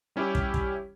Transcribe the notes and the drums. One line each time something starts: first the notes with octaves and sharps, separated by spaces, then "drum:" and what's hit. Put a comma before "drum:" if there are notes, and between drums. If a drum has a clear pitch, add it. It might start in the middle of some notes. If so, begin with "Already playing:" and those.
G3 C#4 E4 G4
drum: kick
drum: kick